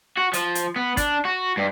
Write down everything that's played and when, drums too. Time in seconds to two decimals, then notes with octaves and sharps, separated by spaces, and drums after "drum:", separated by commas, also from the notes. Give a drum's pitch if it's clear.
0.17 F#4
0.33 F3, drum: hi-hat
0.55 drum: hi-hat
0.76 B3
0.97 D4, drum: kick, hi-hat
1.25 F#4
1.57 G2